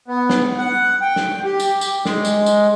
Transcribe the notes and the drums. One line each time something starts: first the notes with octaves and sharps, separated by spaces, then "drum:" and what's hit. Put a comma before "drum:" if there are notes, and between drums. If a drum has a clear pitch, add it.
B3
drum: snare
F#5
G5
drum: snare
G4
drum: tambourine
drum: tambourine
G#3, drum: snare
drum: tambourine
drum: tambourine